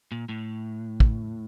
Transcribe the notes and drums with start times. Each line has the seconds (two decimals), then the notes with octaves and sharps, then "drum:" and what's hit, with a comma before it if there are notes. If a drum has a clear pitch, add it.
0.12 A#2
0.29 A2
1.00 drum: kick